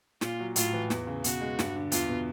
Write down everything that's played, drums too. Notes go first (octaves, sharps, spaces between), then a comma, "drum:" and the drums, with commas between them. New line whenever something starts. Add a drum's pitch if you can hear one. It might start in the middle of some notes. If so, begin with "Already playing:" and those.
A#2 F4, drum: snare
F#3
A2 F4, drum: hi-hat
E3
E2, drum: snare
C#3
B2 F#4, drum: hi-hat
G#3
G2, drum: snare
D3
E2 F4, drum: hi-hat
B2